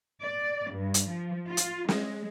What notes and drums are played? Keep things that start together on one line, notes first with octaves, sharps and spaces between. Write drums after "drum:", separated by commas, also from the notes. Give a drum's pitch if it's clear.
D5
G2
drum: hi-hat
F3
F4
drum: hi-hat
G#3, drum: snare